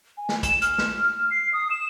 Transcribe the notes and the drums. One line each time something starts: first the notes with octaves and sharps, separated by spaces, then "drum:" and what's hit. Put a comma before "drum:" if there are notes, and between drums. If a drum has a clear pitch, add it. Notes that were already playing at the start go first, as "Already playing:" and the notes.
G#5
drum: snare
E7, drum: kick, hi-hat
F6, drum: hi-hat
drum: snare
F6
C7
D#6
E7